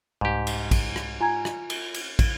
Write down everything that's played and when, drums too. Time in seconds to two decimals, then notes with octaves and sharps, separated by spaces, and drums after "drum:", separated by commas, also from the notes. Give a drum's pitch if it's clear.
0.21 C2 G#2 G4
0.47 drum: cymbal
0.71 drum: kick, cymbal
0.96 drum: rim click
1.21 F4 G#5 A#5 G#6
1.45 drum: rim click
1.70 drum: cymbal
1.94 drum: cymbal
2.19 drum: kick, cymbal